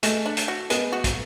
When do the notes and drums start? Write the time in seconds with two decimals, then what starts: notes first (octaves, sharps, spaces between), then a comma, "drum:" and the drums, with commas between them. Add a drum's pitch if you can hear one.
0.03 G#3 A3, drum: hi-hat
0.26 D4
0.37 drum: hi-hat
0.48 F#4
0.70 G#3 B3, drum: hi-hat
0.93 F#4
1.04 drum: kick, hi-hat